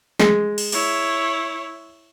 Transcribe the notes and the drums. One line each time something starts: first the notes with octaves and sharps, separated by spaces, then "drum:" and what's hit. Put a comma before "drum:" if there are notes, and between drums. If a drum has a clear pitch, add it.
G#3, drum: snare
drum: cymbal
E4 C#5, drum: cymbal